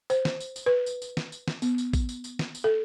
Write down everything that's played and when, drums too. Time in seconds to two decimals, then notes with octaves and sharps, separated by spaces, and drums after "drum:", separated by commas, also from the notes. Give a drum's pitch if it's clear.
0.10 C5, drum: tambourine
0.25 drum: snare
0.40 drum: tambourine
0.56 drum: tambourine
0.66 B4
0.86 drum: tambourine
1.02 drum: tambourine
1.17 drum: snare
1.32 drum: tambourine
1.48 drum: snare
1.62 B3, drum: tambourine
1.78 drum: tambourine
1.93 drum: kick, tambourine
2.09 drum: tambourine
2.24 drum: tambourine
2.39 drum: snare
2.55 drum: tambourine
2.64 A4